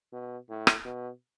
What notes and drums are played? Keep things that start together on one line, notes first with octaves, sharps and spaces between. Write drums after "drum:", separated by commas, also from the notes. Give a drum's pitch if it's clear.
B2
A2
drum: rim click
B2